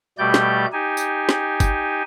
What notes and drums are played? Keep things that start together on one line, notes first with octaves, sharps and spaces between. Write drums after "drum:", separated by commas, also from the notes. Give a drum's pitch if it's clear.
B2 G3 A3 G4 D5 G6
drum: snare
D#4 G4 G#5
drum: tambourine
drum: snare
drum: kick, tambourine